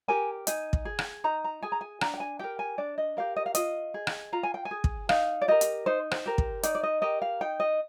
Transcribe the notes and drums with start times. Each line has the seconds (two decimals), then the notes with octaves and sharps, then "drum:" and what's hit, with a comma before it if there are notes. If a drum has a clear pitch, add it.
0.08 G4 A#4 G#5
0.47 D#4 G#5, drum: hi-hat
0.73 drum: kick
0.85 G#4
0.99 drum: rim click
1.24 D#4 A#5
1.44 A#5
1.63 G#4 G#5
1.72 A#5
1.81 G#5
2.01 D4 A#5, drum: rim click
2.14 G5
2.20 G#5
2.39 G4 A#4 G5
2.59 G#5
2.78 D4 D5
2.98 D#5
3.17 G4 A#4 F5
3.36 D#5
3.46 F5
3.55 F4 D#5, drum: hi-hat
3.94 G#4
4.07 drum: rim click
4.33 F4 A#5
4.43 G#5
4.54 G5
4.65 G#5
4.71 G#4
4.84 drum: kick
5.09 D#4 F5, drum: rim click
5.42 D5
5.48 G4 A#4 D#5
5.61 drum: hi-hat
5.86 D#4 C5
6.11 C5, drum: rim click
6.26 G4 A#4
6.38 drum: kick
6.63 D#4 D5, drum: hi-hat
6.75 D5
6.83 D#5
7.02 G4 A#4 D#5
7.22 F5
7.41 D#4 G5
7.60 D#5